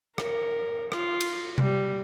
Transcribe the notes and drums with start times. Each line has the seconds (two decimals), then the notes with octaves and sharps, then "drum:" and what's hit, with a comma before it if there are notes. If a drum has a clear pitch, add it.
0.18 A#4, drum: rim click
0.92 F4, drum: rim click
1.21 drum: cymbal
1.58 G3, drum: tom C3